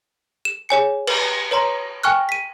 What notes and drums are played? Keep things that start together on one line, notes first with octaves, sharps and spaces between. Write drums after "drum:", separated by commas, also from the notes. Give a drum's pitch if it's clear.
E7
G#4 C#5 G#5 C#7
B4, drum: cymbal
B4 C#5 A#5 C6
G5 G#5 C#6 F6 F#6
B6 D#7